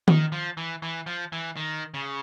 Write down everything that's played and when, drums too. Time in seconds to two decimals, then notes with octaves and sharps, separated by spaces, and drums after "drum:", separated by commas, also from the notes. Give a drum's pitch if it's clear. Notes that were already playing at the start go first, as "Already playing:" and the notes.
0.08 D#3, drum: tom D#3
0.32 F3
0.57 E3
0.82 E3
1.07 F3
1.32 E3
1.57 D#3
1.94 C#3